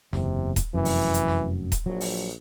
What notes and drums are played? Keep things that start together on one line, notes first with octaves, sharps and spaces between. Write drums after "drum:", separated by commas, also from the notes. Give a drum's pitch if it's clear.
F#1 E2 C3, drum: snare
drum: kick D#1, hi-hat
F1 F#2 E3
drum: open hi-hat
drum: hi-hat
drum: snare
drum: kick D#1, hi-hat
A#1 F#3
drum: open hi-hat